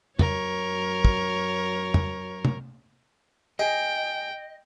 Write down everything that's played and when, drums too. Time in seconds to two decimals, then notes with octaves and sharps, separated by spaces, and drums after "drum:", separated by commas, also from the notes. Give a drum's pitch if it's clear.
0.19 F#2 A#4 C#5, drum: tom F2
1.05 drum: kick
1.94 drum: tom F2
2.45 drum: tom
3.59 G#4 D#5 G5